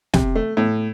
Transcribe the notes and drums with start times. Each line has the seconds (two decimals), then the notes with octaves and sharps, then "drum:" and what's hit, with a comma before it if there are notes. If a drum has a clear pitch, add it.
0.14 C3, drum: snare
0.35 A3
0.57 A2